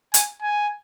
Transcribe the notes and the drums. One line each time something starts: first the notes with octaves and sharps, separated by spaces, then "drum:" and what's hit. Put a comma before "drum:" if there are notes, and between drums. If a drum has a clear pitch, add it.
G#5, drum: hi-hat
G#5